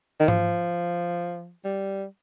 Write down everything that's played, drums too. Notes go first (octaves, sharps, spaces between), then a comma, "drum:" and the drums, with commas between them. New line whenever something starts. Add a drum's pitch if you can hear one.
D#3
F3, drum: tom G#2
G3